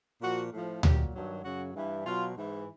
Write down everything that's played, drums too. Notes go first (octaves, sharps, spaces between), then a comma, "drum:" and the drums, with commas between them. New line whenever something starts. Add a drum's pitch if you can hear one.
A#2 F3 F#4
A2 F3
A#2 F#3 G4, drum: tom D2
G2 D#3 F#3
F#2 C#3 F#3 F#4
G2 E3
B2 F#3 F4
G#2 E3